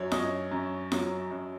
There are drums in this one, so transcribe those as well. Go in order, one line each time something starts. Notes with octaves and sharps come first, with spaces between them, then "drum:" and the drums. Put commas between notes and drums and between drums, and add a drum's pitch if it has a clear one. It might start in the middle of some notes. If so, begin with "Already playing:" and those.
Already playing: F#2 F#3 C#5
F#2 D#5, drum: snare F4
F#2
F#3, drum: snare F4
F#2